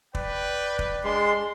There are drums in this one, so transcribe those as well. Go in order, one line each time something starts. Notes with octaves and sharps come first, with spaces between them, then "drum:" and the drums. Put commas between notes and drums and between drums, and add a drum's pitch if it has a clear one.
B4 D5 G5, drum: kick
drum: kick
G#3 D4 C6